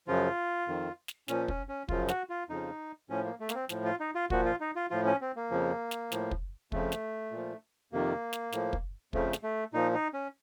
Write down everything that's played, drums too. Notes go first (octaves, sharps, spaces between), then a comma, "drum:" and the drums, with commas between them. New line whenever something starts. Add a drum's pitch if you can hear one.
F#2 C#3 F3 F4
F2 D#3
drum: snare
A#2 F3 C#4, drum: snare
C#4, drum: kick
C#4
F#2 C#3 F3 F4, drum: kick
F#4, drum: snare
F4
F2 C#3 F3 D#4
A2 F3 C#4
A#3
A3
A#3, drum: snare
C4
A2 F3, drum: snare
F4
D#4
F4
A#2 F3 F#4, drum: kick
F4
D#4
F4
A2 F3 F4
C#4
C4
A#3
F2 C#3 F3
drum: snare
A2 F3, drum: snare
drum: kick
F2 C#3 F3 A3, drum: kick
drum: snare
A#2 F3
F2 C3 D#3 A#3
drum: snare
A2 F3, drum: snare
drum: kick
F2 C#3 F3 A3, drum: kick
drum: snare
A3
A#2 F3 D#4
D#4
C#4